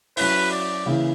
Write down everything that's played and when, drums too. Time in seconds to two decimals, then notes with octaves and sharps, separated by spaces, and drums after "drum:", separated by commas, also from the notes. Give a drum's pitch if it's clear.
0.17 F#3 C#4 E4 B4, drum: open hi-hat
0.51 D5
0.86 C#3 E3 A#3 E4